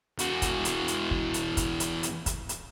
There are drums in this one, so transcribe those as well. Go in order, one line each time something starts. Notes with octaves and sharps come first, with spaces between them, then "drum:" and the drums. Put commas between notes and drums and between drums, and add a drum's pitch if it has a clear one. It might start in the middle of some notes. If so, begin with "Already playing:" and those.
E2 F#4, drum: hi-hat
drum: kick, hi-hat
drum: hi-hat
drum: hi-hat
drum: kick
drum: hi-hat
drum: kick, hi-hat
drum: hi-hat
drum: hi-hat
drum: kick, hi-hat
drum: hi-hat